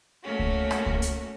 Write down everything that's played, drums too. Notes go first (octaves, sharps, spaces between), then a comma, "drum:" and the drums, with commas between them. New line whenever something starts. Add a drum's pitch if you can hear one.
A3 A#3 C#4 F#4
drum: kick C#2
drum: rim click
drum: kick C#2
drum: hi-hat